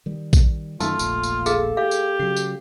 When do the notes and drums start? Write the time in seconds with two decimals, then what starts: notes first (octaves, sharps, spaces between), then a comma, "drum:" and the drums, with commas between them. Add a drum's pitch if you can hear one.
0.06 D#3 G3
0.33 drum: kick A#1, tambourine
0.80 F#2 D#3 A3 F4 A5, drum: tambourine
0.99 E1 A#1 A#2, drum: tambourine
1.23 drum: tambourine
1.46 G#4 A4 F5, drum: tambourine
1.77 G4 F5
1.91 drum: tambourine
2.19 C#3 F#3 C7
2.36 drum: tambourine